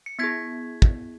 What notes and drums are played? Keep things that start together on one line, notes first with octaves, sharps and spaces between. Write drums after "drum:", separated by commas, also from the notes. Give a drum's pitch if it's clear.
C#7
B3 E4 G#4 G#6 B6
drum: kick